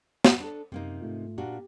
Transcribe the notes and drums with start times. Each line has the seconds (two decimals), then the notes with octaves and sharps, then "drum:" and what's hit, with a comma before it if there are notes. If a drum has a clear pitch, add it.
0.25 drum: snare
0.40 D4 A4
0.72 F#2 C3 A#3 D#4
1.01 G#2 A3 F4
1.38 A#2 D4 F#4 G4